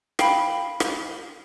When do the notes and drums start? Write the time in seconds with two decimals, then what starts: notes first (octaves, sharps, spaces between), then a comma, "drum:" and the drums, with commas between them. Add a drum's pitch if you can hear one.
0.19 F5 G5 B5, drum: rim click
0.80 drum: rim click